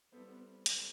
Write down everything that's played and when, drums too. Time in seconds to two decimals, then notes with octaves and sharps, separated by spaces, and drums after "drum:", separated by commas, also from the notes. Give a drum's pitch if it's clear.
0.12 G3 B3 C4 E4 A4 C5
0.66 drum: hi-hat
0.75 G3 E4 A4 C5